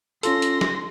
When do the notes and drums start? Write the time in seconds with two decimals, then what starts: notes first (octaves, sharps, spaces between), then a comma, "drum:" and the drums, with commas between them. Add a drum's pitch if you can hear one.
0.23 C#4 F4 A4 C6 A#6, drum: hi-hat
0.42 drum: hi-hat
0.61 drum: snare